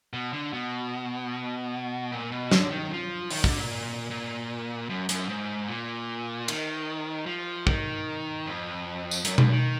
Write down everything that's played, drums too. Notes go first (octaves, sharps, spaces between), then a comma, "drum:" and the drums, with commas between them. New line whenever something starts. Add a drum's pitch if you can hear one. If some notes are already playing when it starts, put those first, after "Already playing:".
B2
D3
B2
A#2
B2
D3, drum: snare
D#3
F3
D#3, drum: open hi-hat
D3, drum: kick
A#2
A#2
F#2
F#2, drum: hi-hat
G#2
A#2
D#3, drum: cymbal
F3
D#3, drum: kick
F2
drum: tambourine
F#2, drum: hi-hat
F#2, drum: tom B2
D#3